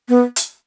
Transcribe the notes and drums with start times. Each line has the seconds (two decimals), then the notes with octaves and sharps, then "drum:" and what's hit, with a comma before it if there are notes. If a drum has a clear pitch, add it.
0.09 B3
0.36 drum: hi-hat